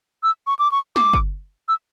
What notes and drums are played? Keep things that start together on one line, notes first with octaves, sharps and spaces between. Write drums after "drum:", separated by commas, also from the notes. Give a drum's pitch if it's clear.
E6
C#6
D6
C#6
D6, drum: snare
drum: kick
E6